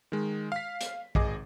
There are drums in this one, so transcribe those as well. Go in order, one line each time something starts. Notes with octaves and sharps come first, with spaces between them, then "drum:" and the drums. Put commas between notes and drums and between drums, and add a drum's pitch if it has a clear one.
D#3 G#3
F5 B6
drum: hi-hat
G#1 G#4 D#5 D6, drum: kick A#1